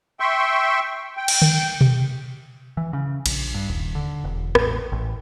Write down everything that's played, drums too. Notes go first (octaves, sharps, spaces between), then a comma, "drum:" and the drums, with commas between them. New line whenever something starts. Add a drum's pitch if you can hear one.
E5 G5 C6 C#6
G5
drum: cymbal
drum: tom D3
drum: tom B2
E3
C#3
A#1, drum: cymbal
G2
D#1
D3
E1
A1, drum: rim click
A1